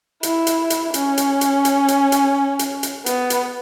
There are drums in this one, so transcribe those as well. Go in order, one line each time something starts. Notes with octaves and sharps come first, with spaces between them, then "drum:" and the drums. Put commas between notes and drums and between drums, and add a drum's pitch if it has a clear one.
E4, drum: hi-hat
drum: hi-hat
drum: hi-hat
C#4, drum: hi-hat
drum: hi-hat
drum: hi-hat
drum: hi-hat
drum: hi-hat
drum: hi-hat
drum: hi-hat
drum: hi-hat
B3, drum: hi-hat
drum: hi-hat